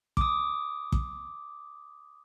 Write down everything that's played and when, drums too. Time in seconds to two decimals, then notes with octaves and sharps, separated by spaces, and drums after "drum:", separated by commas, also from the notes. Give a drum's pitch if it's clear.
0.17 D6 D#6, drum: kick
0.92 drum: kick